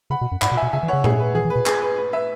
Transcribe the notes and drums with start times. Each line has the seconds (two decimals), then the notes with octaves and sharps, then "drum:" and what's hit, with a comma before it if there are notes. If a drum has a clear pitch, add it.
0.10 C#3 F#5 B5
0.21 B2
0.32 F#2
0.42 G#2 F#5 B5, drum: clap
0.52 B2
0.57 E5 G#5
0.62 B2
0.73 C#3 E5 G#5
0.83 E3
0.88 C#3 C#5 F#5
1.04 G#4, drum: tom A#2
1.20 B4
1.35 E3 G#4
1.45 E3
1.50 B4
1.56 B2
1.66 G#4, drum: clap
1.82 B4
1.97 B4
2.13 B4 E5